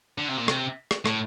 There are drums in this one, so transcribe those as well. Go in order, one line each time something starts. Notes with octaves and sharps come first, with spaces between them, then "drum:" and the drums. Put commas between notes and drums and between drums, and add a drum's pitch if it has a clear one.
D3
C3
A#2
C3, drum: rim click
drum: rim click
A2, drum: rim click